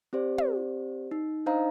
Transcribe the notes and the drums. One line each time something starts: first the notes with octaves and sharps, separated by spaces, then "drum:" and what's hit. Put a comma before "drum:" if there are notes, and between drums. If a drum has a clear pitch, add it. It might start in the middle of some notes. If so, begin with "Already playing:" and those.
C4 G4 C5 D5
drum: tom
D#4
D4 D#4 C5 D#5 F5 A#5